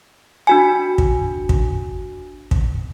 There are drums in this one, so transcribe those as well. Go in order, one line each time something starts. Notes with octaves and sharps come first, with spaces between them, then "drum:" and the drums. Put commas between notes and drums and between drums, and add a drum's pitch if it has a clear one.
D4 F#4 G#5
drum: kick
drum: kick
drum: kick